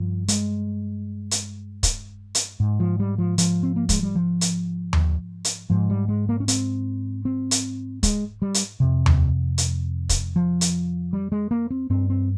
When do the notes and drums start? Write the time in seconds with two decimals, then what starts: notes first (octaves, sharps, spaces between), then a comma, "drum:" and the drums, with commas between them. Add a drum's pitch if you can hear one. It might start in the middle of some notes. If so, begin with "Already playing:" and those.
Already playing: G2 F3
0.28 G#3, drum: hi-hat
1.31 drum: hi-hat
1.83 drum: kick, hi-hat
2.35 drum: hi-hat
2.60 G#2
2.80 F3
3.00 G3
3.18 F3
3.38 F3, drum: hi-hat
3.63 C4
3.76 A#3
3.89 G#3, drum: kick, hi-hat
4.03 G3
4.15 F3
4.41 drum: hi-hat
4.93 drum: tom D#2
5.45 drum: hi-hat
5.70 G#2 F3
5.90 G3
6.09 G#3
6.29 A#3
6.40 C#4
6.48 C4, drum: hi-hat
7.25 C4
7.51 drum: hi-hat
8.03 G#3, drum: kick, hi-hat
8.42 G3
8.54 drum: hi-hat
8.80 F2 C3
9.06 drum: tom D#2
9.58 drum: hi-hat
10.09 drum: kick, hi-hat
10.36 F3
10.61 drum: hi-hat
11.13 G3
11.32 G#3
11.51 A#3
11.71 C4
11.90 G2 C4
12.10 C4